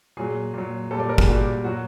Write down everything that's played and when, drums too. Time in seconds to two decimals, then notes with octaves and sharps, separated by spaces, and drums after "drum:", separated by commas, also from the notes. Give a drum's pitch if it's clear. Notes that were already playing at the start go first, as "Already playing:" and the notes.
0.17 A#2 F#3 G#4
0.54 A#2 F#3
0.91 A#2 G3 A4
1.00 D5
1.09 A#4
1.18 G#4, drum: kick
1.27 A#2 G3 F#4
1.64 A#2 F#3 F#4